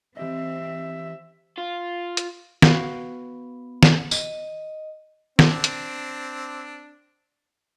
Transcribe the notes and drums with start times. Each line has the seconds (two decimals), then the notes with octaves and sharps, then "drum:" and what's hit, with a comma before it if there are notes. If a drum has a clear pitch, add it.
0.17 E3 C4 G4 D#5 E5
1.58 F4
2.17 drum: hi-hat
2.62 B3 F#4 B4 F5, drum: snare
3.83 drum: snare
4.11 D#5, drum: tambourine
5.39 C4 D4, drum: snare
5.64 drum: hi-hat